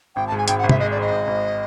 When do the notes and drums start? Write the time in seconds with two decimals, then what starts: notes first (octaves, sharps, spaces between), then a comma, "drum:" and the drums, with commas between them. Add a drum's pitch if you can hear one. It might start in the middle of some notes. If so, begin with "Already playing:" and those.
0.16 G#1 G5
0.27 A5
0.32 G#2
0.38 G#5
0.48 G#1 G5, drum: hi-hat
0.59 F#5
0.64 G#1
0.69 E5, drum: tom
0.80 G#3 D#5
0.91 D5
0.96 G#2
1.01 D#5
1.11 G#1
1.27 G#1